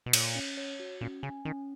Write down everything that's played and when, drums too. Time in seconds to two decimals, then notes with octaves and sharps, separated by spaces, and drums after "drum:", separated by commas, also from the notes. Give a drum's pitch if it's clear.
0.06 B2
0.13 A#2 C#5, drum: cymbal
0.35 C#4
0.57 C#5
0.80 F#4
1.01 A#2 C#4
1.23 C#3 G#5
1.45 D#3 C#4